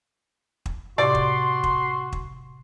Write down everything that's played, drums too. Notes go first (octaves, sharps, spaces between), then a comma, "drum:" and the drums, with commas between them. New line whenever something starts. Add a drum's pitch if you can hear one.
drum: kick
A2 C3 F#4 G4 D5 C6
drum: kick
drum: kick
drum: kick